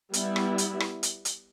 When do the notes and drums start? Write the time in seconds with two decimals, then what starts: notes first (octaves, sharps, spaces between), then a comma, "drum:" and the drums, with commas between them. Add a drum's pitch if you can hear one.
0.13 G3 B3 E4, drum: hi-hat
0.36 drum: rim click
0.58 drum: hi-hat
0.80 drum: rim click
1.03 drum: hi-hat
1.25 drum: hi-hat